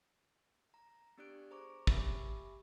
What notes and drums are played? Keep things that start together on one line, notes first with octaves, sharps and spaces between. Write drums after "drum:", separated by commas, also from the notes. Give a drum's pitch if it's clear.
A#5
B3 D4 G4 D5 F#6 D7
G#4 C5 A#5 C#6 D6
G4 E5 G#5 B5 C#6 D6, drum: kick